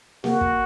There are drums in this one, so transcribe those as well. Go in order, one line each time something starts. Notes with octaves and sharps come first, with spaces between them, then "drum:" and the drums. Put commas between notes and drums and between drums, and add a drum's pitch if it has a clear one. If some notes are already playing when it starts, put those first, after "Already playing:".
A#3 F#4, drum: snare
drum: kick